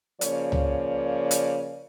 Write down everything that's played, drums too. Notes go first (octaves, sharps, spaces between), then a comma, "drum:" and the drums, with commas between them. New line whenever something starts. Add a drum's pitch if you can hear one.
C#3 F3 A#3 C#5 D5, drum: hi-hat
drum: tom C#2
drum: hi-hat